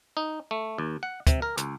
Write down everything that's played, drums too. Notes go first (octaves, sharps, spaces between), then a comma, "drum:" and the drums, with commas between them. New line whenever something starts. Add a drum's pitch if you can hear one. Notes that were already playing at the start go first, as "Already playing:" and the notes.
D#4
A3
D#2
F#5
C3, drum: kick, hi-hat
A#4
C#2, drum: hi-hat